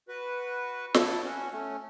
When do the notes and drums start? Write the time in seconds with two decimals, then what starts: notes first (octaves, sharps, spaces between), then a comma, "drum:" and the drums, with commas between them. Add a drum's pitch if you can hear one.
0.08 F#4 B4
0.94 E4 A4, drum: snare
1.23 C#4 F#4
1.52 A3 C#4